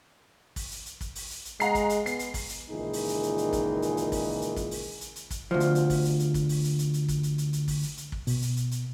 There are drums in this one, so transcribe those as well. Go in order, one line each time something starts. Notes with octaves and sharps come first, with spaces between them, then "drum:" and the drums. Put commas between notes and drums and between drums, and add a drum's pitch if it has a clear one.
drum: kick, open hi-hat
drum: hi-hat
drum: hi-hat
drum: kick, hi-hat
drum: open hi-hat
drum: hi-hat
drum: hi-hat
G#3 F#5 A#5 C7, drum: hi-hat
drum: kick, hi-hat
drum: hi-hat
B3 C7, drum: hi-hat
drum: hi-hat
drum: kick, open hi-hat
drum: hi-hat
C#2 A#2 D#3 E3 D#4 G#4
drum: open hi-hat
drum: hi-hat
drum: hi-hat
drum: hi-hat
drum: kick, hi-hat
drum: hi-hat
drum: hi-hat
drum: kick, open hi-hat
drum: hi-hat
drum: kick, hi-hat
drum: open hi-hat
drum: hi-hat
drum: hi-hat
drum: kick, hi-hat
D2 F3
drum: hi-hat
drum: hi-hat
drum: kick, open hi-hat
drum: hi-hat
drum: hi-hat
drum: kick, hi-hat
drum: open hi-hat
drum: hi-hat
drum: hi-hat
drum: hi-hat
drum: kick, hi-hat
drum: hi-hat
drum: hi-hat
drum: hi-hat
drum: kick, open hi-hat
drum: hi-hat
drum: hi-hat
drum: kick
B2, drum: open hi-hat
drum: hi-hat
drum: hi-hat
drum: hi-hat